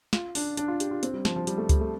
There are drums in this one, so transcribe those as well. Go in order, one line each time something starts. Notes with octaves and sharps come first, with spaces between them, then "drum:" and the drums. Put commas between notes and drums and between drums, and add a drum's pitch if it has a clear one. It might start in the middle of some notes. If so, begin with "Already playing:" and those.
F4, drum: snare
D4, drum: open hi-hat
D4, drum: hi-hat
F4
G4, drum: hi-hat
F4
C4, drum: hi-hat
G3
F3, drum: snare
F3
G3, drum: hi-hat
A3
G3, drum: kick C#2, hi-hat
A3